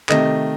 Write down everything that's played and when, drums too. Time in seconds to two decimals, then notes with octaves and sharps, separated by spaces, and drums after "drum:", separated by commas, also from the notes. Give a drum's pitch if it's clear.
0.09 C3 D#3 A3 D#5, drum: clap